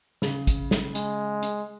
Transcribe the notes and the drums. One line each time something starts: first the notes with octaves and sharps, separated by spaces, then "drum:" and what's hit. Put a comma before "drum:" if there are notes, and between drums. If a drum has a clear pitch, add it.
C#3, drum: snare
drum: kick, hi-hat
drum: snare
G#3, drum: hi-hat
drum: hi-hat